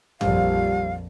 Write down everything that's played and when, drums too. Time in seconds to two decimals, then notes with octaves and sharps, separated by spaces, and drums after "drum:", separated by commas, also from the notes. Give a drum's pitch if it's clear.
0.21 A#1 F2 G3 F5, drum: tom G2